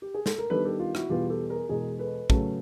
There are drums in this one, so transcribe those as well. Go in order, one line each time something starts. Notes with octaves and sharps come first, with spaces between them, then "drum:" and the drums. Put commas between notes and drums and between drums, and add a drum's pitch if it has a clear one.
G4
G#4
A4, drum: snare
A#4
D#3 G3 B3 D4 A4 B4
G4 A4
F4 G4
E4 F#4, drum: rim click
E2 B2 G3 B3 F4 G4
G4 A4
G#4 A#4
E2 B2 G#3 G#4 A#4
A4 B4
C#3 F#3 A3, drum: kick